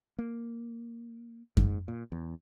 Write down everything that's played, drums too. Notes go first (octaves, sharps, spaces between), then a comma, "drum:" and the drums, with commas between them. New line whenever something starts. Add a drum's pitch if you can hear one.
A#3
G#2, drum: kick F#2
A#2
E2